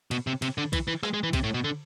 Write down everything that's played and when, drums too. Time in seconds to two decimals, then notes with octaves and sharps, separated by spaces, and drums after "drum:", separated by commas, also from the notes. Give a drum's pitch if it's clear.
0.11 B2, drum: cymbal
0.27 C3
0.42 C3, drum: cymbal
0.58 D3
0.73 E3, drum: kick B1, cymbal
0.87 E3
1.03 G#3, drum: rim click
1.14 G#3
1.23 E3
1.33 C3, drum: kick B1, cymbal
1.44 A2
1.54 B2
1.64 D3